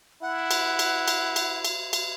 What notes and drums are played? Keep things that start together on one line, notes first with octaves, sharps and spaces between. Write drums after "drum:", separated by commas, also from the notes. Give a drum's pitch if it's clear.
E4 F#5
drum: cymbal
drum: cymbal
drum: cymbal
drum: cymbal
drum: cymbal
drum: cymbal